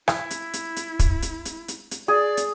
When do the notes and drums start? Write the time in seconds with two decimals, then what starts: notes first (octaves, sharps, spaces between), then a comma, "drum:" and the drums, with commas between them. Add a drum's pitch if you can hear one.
0.08 E4, drum: rim click
0.31 drum: hi-hat
0.54 drum: hi-hat
0.76 drum: hi-hat
0.99 drum: kick, hi-hat
1.22 drum: hi-hat
1.45 drum: hi-hat
1.68 drum: hi-hat
1.91 drum: hi-hat
2.08 G#4 D5
2.37 drum: hi-hat